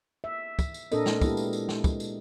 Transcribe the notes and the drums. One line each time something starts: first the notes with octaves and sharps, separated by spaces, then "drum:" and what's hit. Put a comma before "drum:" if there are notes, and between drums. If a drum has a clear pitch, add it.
E5
drum: kick, tambourine
drum: tambourine
A#2 C4 D4 A4 A#4 D#5, drum: tambourine
drum: snare
G#3 B3 E4 G4, drum: kick, tambourine
drum: tambourine
drum: tambourine
drum: snare
drum: kick, tambourine
drum: tambourine